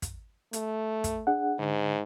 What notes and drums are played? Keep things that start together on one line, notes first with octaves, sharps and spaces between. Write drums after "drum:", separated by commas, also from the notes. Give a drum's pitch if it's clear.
drum: kick, hi-hat
A3, drum: hi-hat
drum: kick, hi-hat
D4 G#4 F#5
G#2 D3